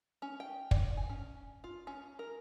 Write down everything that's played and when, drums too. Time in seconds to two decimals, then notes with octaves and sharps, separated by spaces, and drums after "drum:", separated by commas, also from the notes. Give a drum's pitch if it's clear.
0.22 C#4
0.40 G5
0.71 D5, drum: kick
0.97 G#5
1.10 C#4
1.64 F4
1.87 C#4
2.19 A#4